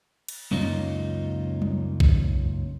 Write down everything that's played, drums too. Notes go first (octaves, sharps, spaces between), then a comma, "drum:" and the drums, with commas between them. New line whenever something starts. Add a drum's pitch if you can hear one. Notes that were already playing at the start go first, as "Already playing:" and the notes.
drum: cymbal
C#2 F#2 A#3 C#4 D#4 F4, drum: tom F#3
drum: tom F#3
drum: kick B1